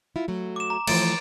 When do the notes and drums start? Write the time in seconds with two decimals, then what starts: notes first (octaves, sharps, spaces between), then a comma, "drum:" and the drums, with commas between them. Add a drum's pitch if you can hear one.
0.16 E4 F4
0.28 F#3 A3
0.56 D6 E7
0.70 A#5
0.87 E3 F3 A3 A6 D7, drum: cymbal